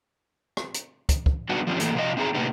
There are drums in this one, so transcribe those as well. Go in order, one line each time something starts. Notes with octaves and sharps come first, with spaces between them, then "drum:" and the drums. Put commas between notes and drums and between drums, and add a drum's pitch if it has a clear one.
drum: rim click
drum: hi-hat
drum: kick, hi-hat
drum: kick
G3 B3 D4 D#4 F#4
F3 G3 C4 C#4
E3 A3 A#3, drum: hi-hat
C3 F3 F4 F#4 A#4 D#5
C4 D#4 E4 G#4 A#5
A2 C3 A#3 B3 D#4 G4